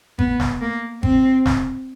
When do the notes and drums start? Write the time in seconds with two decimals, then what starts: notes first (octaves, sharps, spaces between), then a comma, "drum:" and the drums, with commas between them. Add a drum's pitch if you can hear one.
0.19 B3, drum: kick G#1
0.40 drum: snare
0.61 A#3
1.03 C4, drum: kick G#1
1.46 drum: snare